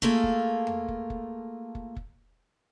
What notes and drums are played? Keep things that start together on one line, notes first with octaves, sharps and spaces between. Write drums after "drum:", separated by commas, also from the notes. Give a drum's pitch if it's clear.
A3 A#3 F4 G#4 A4, drum: kick
drum: kick
drum: tom E2
drum: kick
drum: kick
drum: kick
drum: kick